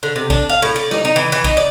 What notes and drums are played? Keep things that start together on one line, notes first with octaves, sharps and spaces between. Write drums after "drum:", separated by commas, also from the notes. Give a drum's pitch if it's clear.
D3
C3
D4, drum: kick B1
F5
A2
D5
D#4, drum: snare
D#4
E3
E3
D#4, drum: kick B1
D5